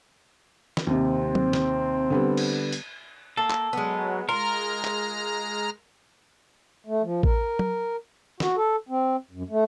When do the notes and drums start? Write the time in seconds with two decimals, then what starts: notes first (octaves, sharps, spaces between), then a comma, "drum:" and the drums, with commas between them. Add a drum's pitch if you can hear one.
0.77 drum: snare
0.87 D#2 C3 C4
1.35 drum: tom F#3
1.53 drum: snare
2.10 D3 G3 B3
2.37 drum: cymbal
2.73 drum: hi-hat
3.37 A#3 A4
3.50 drum: clap
3.73 F#3 G#3 B3
4.29 G#3 F4 A#4 A#5 F6
4.85 drum: clap
6.86 A3
7.02 F3
7.23 A#4, drum: kick A1
7.59 drum: tom F#3
8.40 F#4, drum: snare
8.57 A4
8.89 C4
9.31 F#2
9.50 A3